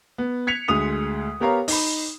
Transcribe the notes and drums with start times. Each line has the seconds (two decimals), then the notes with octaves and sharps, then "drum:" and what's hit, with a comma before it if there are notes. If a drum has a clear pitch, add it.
0.18 B3
0.47 G#6 B6 C#7 F7
0.68 D2 G#3 D#6 F7
1.40 B3 G4 A#4 C#5 F5 A#5
1.68 D#4 B5, drum: open hi-hat